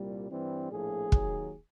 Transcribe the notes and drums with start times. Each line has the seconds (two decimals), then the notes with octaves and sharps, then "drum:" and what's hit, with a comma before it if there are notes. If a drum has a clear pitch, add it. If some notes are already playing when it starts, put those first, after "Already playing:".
Already playing: C2 A#2 G3
0.30 G2 E3 G3 C4
0.71 A#1 A2 F3 G#4
1.12 D#2 D#3 F#3, drum: kick